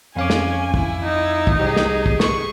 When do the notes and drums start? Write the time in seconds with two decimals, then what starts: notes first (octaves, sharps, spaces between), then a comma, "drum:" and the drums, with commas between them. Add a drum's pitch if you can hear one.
0.16 F2 C#4 F5 G#5 D6
0.30 drum: snare
0.74 E4, drum: kick
1.04 D#4
1.47 drum: kick
1.60 C2 G4 G#4
1.76 drum: snare
2.06 drum: kick
2.20 C#6, drum: snare